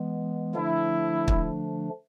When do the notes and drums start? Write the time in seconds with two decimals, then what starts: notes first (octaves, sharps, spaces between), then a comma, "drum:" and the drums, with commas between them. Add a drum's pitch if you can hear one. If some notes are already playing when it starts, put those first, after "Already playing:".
Already playing: E3 G#3 B3
0.55 D3 F3 A3 D4 E4
1.28 drum: kick